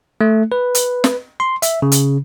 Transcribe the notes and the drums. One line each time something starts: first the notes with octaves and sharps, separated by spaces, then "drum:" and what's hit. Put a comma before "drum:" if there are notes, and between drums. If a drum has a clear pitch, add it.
A3
B4
drum: hi-hat
drum: snare
C6
E5, drum: hi-hat
C#3
drum: hi-hat